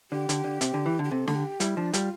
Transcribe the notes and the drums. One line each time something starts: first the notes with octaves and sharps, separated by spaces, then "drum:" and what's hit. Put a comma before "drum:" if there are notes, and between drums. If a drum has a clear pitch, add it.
D3 G4
D3, drum: hi-hat
D3
C3, drum: hi-hat
D3
E3
D3 G4
C3 A4
D3, drum: snare
G4
G3 E4, drum: hi-hat
F3 D4
G3 F4, drum: hi-hat